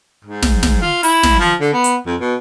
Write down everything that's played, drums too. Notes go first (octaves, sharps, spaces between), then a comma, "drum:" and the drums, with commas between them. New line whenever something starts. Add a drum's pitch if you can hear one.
G#2
drum: snare
drum: snare
F4
E4, drum: open hi-hat
drum: snare
F3
D3
B3
drum: hi-hat
F2
B2